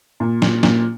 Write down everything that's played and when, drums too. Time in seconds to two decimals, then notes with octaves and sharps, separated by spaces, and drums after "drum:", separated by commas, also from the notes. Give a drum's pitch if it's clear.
0.20 A#2
0.42 A#2, drum: snare
0.63 A#2, drum: snare